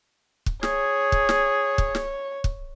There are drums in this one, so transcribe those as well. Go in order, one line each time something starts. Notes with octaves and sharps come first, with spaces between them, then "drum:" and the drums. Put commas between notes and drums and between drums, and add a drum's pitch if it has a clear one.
drum: kick
G#4 C#5, drum: snare
drum: kick
drum: snare
drum: kick
drum: snare
drum: kick